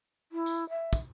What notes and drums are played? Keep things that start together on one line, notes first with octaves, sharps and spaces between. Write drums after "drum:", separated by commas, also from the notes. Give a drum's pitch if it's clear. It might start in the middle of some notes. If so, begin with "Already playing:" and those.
E4
drum: tambourine
E5
drum: kick, tambourine